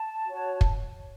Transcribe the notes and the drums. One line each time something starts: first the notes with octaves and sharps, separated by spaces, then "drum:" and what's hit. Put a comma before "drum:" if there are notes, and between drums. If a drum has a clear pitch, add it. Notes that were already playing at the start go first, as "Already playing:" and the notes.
Already playing: A5
F#4 C#5
drum: kick